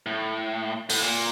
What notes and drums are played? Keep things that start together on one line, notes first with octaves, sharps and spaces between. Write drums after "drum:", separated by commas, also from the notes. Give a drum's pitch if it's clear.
A2
A2, drum: open hi-hat
A#2